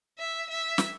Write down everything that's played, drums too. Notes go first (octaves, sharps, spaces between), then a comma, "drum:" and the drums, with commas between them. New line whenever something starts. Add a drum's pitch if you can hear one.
E5
E5
drum: snare